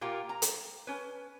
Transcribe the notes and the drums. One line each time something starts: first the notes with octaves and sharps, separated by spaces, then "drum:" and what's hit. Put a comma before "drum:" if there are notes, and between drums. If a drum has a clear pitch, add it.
A#2 F4 G4 A#4
A#5
drum: hi-hat
C#4 B4